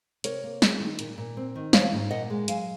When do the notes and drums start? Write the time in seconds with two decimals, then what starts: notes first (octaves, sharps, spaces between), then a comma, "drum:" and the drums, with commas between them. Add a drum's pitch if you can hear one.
0.24 C3 A#4 C#5, drum: hi-hat
0.44 A#3
0.62 G#3, drum: snare
0.80 D#3
0.99 A#2, drum: hi-hat
1.18 A#2
1.37 C4
1.55 D#3
1.73 F3 C#5 F5, drum: snare
1.93 G#2
2.11 A#2 D#5 F#5
2.30 G#3
2.48 F#3 F5 G#5, drum: hi-hat